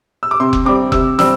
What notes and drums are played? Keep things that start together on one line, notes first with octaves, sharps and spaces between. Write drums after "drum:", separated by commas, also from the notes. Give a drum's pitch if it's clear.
E6
D6
C3 C6
drum: kick F1
G3 C4 D6
C3 E6, drum: kick F1
G3 C4 E6, drum: snare